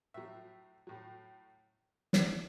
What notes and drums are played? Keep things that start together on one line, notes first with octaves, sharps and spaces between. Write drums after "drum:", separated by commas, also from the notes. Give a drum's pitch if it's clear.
A2 F#3 E5
A2 F#3
drum: snare